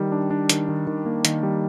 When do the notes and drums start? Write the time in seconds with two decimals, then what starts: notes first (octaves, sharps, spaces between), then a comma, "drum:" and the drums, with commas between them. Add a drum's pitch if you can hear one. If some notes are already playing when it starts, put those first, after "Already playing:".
Already playing: D#3 G3
0.12 D4
0.30 D4
0.49 D#3, drum: hi-hat
0.69 D#3
0.87 D#3
1.06 A#3
1.25 D#3, drum: hi-hat
1.43 G3